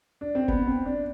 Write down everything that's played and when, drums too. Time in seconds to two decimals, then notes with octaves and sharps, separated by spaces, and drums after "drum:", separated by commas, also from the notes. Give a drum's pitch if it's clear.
0.21 D4
0.35 C4
0.48 B3, drum: kick
0.67 C4
0.85 D4